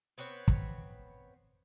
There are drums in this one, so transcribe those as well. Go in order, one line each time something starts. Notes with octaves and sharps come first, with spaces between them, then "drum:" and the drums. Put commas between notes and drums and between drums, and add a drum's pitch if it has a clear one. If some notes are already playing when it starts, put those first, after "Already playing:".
B3 C4 B4 C#5
drum: kick